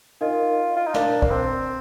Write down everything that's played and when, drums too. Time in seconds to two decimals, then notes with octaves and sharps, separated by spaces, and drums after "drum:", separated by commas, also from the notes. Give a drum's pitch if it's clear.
0.21 D#4 F4 A#4 D#5
0.76 F4
0.86 D#4
0.94 D4 A#4 F5 A#5 D6, drum: snare
1.22 A#3, drum: kick C2
1.31 C4